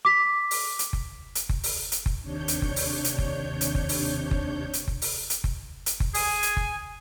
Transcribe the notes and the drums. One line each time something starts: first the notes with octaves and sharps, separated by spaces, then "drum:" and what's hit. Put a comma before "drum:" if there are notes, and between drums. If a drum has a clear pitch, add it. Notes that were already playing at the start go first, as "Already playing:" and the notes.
D6 B6
drum: open hi-hat
drum: hi-hat
drum: kick F#1
drum: hi-hat
drum: kick F#1
drum: open hi-hat
drum: hi-hat
drum: kick F#1
D#2 C3 D4 C#5 G6
drum: hi-hat
drum: kick F#1
drum: open hi-hat
drum: hi-hat
drum: kick F#1
drum: hi-hat
drum: kick F#1
drum: open hi-hat
drum: kick F#1
drum: hi-hat
drum: kick F#1
drum: open hi-hat
drum: hi-hat
drum: kick F#1
drum: hi-hat
drum: kick F#1
G#4 G#5, drum: open hi-hat
drum: hi-hat
drum: kick F#1